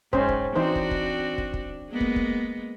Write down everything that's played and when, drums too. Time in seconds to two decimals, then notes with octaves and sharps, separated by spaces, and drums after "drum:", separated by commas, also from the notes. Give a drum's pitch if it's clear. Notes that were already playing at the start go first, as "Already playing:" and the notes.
0.13 G#2 C#4 C5, drum: kick
0.29 drum: kick
0.56 E3 C4 D4 D#4 F#4 C5
0.75 drum: kick
0.91 drum: kick
1.38 drum: kick
1.54 drum: kick
1.90 G#3 A#3 B3
2.00 drum: kick
2.16 drum: kick